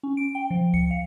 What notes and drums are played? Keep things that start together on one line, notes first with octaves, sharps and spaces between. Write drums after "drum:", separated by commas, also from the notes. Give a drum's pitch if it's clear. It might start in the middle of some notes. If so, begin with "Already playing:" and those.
C#4
D7
G5
F3
C#7, drum: kick C#2
F5